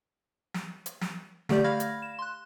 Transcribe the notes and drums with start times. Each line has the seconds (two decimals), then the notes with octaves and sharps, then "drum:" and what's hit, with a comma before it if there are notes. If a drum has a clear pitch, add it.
0.54 drum: snare
0.86 drum: hi-hat
1.01 drum: snare
1.49 D3 A3 G4 D5 G6, drum: snare
1.64 F5 B5 F6 G#6 A#6
1.80 drum: hi-hat
2.02 E7
2.19 C6 F#6